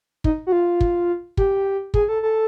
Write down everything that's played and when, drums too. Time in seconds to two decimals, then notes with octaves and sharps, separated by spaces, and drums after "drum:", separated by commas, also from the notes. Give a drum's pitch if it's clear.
0.24 D#4, drum: kick
0.47 F#4
0.52 F4
0.81 drum: kick
1.37 G4, drum: kick
1.94 G#4, drum: kick
2.09 A4
2.23 A4